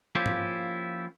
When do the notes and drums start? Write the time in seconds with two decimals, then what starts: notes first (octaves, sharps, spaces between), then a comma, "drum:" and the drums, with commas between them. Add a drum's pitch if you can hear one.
0.15 F3 A#3 C#4 E4 F4 G4
0.26 drum: tom